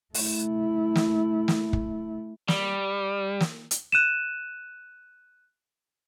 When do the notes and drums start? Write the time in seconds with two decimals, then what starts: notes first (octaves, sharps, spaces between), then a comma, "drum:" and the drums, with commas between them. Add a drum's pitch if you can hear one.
0.14 A3 E4, drum: open hi-hat
0.96 drum: snare
1.48 drum: snare
1.73 drum: kick
2.48 G3, drum: snare
3.40 drum: snare
3.71 drum: hi-hat
3.92 F#6 D#7 E7